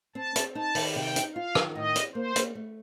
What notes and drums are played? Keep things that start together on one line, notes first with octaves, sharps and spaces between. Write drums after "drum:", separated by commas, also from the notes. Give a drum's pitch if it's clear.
C4 A5
C4, drum: hi-hat
D#4 A5
D#3, drum: open hi-hat
C3 G5
D#4, drum: hi-hat
F4 F5
D#3, drum: rim click
A2 D#5
C4, drum: hi-hat
A#3 C5
A#3, drum: hi-hat
A3